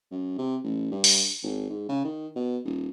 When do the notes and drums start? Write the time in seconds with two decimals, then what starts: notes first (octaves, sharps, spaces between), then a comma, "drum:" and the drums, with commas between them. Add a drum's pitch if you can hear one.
0.11 F#2
0.38 C3
0.64 A1
0.92 G2
1.04 drum: open hi-hat
1.43 G#1
1.69 G#2
1.89 C#3
2.05 D#3
2.35 B2
2.65 D#1